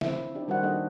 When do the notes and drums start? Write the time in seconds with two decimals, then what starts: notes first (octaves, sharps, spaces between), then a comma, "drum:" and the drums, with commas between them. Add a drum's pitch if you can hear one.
0.01 F3 C4 E4 E5, drum: snare
0.35 D4 D#4 G4
0.48 D#3 G3 F#4 C5 D#5 F#5
0.63 A#3 D4 D#4 G4 A4 D#5